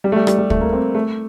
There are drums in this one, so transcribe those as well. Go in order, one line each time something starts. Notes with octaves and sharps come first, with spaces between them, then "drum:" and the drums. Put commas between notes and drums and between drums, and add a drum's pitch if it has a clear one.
G3
A3
G3
G3, drum: rim click
G3
A3, drum: kick
A#3
C4
A3